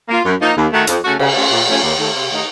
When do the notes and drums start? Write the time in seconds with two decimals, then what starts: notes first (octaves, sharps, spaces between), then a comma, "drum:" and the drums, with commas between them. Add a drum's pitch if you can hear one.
0.09 A#3 F4
0.24 F#2
0.40 F3 A#3 D#4
0.56 D#2
0.72 D#3 A3 D#4 F#4
0.87 F2, drum: hi-hat
1.03 C#3 A3 C#4 F#4
1.19 C#3, drum: cymbal
1.35 A3 C#4 F4
1.51 A#2
1.67 F3 A3 C#4 F4
1.82 D#2
1.98 D#3 A3
2.14 C3
2.30 D#3 A3 D#4